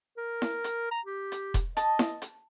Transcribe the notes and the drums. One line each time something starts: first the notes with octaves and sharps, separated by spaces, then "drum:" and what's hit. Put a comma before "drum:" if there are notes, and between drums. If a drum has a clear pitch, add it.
A#4
drum: snare E4
drum: hi-hat
A#5
G4
drum: hi-hat
drum: kick E1, hi-hat
D#5 A5, drum: hi-hat
drum: snare E4
drum: hi-hat